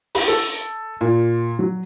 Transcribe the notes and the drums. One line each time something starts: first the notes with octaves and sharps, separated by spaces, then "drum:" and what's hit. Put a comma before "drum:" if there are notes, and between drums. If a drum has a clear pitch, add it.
B5, drum: open hi-hat
A4
A#2
F#3